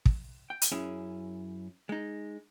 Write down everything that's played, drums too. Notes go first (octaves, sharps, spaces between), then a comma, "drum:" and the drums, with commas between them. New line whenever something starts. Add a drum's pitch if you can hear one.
drum: kick
G5
drum: hi-hat
F#2 C#4 E4 G#4
G#3 D#4